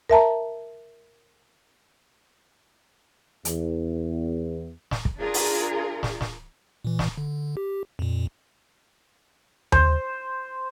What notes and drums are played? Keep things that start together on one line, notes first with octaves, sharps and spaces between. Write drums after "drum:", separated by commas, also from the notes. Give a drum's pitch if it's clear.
A#4 E5 A5 A#5
E2, drum: hi-hat
drum: snare
drum: kick
D4 F4 G#4 A#4
drum: open hi-hat
drum: snare
drum: snare
A#2 E3
drum: snare
D3
G4
F2 A#2
C5, drum: tom D#2